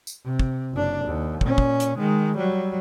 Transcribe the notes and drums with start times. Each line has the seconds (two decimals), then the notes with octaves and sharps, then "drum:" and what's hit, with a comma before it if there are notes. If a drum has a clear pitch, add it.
0.07 drum: tambourine
0.25 C3
0.40 drum: kick
0.74 F#1 D4
1.05 D#2
1.41 A#2 C#4, drum: kick
1.58 drum: kick
1.80 drum: hi-hat
1.98 D#3 G#3
2.37 F#3 G3